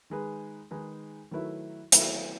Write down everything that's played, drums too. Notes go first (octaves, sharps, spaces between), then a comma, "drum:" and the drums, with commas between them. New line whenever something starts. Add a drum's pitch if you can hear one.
D#3 G#3 D#4 G#4 B4
D#3 G#3 D#4 G#4 B4
D#3 F#3 A3 E4 B4
D#3 F#3 A3 E4 B4, drum: hi-hat